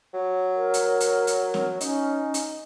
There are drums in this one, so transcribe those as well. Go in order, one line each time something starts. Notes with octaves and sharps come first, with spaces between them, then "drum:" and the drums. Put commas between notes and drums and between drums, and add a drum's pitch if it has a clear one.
F#3
A#4
drum: hi-hat
drum: hi-hat
drum: hi-hat
drum: snare
C#4 D#4, drum: hi-hat
drum: hi-hat